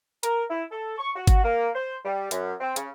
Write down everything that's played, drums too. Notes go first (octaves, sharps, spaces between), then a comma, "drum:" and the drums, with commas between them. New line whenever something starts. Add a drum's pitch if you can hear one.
A#4, drum: hi-hat
E4
A4
C#6
F#4
drum: kick G#1, hi-hat
A#3
C5
G3
F#2, drum: hi-hat
C4
C#3, drum: hi-hat